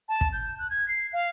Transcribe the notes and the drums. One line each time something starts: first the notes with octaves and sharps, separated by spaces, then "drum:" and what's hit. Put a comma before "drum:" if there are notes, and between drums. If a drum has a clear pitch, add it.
A5
drum: kick
G6
F#6
G#6
C7
F5